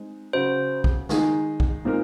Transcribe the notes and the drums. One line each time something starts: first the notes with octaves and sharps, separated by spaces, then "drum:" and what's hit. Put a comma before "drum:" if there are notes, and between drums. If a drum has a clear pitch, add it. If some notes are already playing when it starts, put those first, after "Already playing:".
Already playing: G#3 C4 D#4
C#3 F#3 C#4 F#4 C5
drum: kick
D#3 G#3 D#4 G#4, drum: snare
drum: kick
A#2 G#3 C4 D#4 A#4